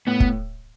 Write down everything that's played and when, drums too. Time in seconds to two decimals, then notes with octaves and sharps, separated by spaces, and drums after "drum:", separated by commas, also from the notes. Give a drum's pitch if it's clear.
0.07 A2 B3
0.20 drum: kick